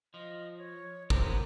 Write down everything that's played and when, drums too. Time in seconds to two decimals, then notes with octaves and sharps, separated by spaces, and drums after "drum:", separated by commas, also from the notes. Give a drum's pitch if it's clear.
0.14 F3 D#5
0.58 C#5
1.10 E3 G4 A#4 C5, drum: kick
1.23 B3